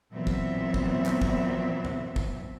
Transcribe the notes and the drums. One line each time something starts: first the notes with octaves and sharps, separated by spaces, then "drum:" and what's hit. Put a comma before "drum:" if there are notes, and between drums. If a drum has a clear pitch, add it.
A#2 E3 F#3 B3 C4 E5
drum: kick
drum: kick
drum: clap
drum: kick
drum: tom E2
drum: kick